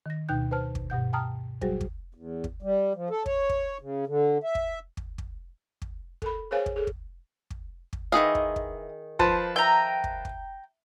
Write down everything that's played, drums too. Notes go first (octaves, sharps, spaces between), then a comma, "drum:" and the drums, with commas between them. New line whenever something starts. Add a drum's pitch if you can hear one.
D#3 A#6
D2 B2 D#4 G5 F#6 G6
B4 C5 A5 F6
drum: kick
G2 B2 F#5 G6
G5 A5 A#5 D#6 F6
F#3 G3 F#4 G#4 C5, drum: kick
drum: kick
E2
drum: kick
G3
F3
A4
C#5, drum: kick
drum: kick
C#3
D3
E5
drum: kick
drum: kick
drum: kick
drum: kick
A4 A#4 B5, drum: kick
G#4 A#4 C5 C#5 F5 G#5
drum: kick
G#4 A4
drum: kick
drum: kick
drum: kick
D#3 E3 G#4 D#5 F5
drum: kick
drum: kick
F3 B4 C5 A5, drum: kick
E5 G5 A#5
drum: kick
drum: kick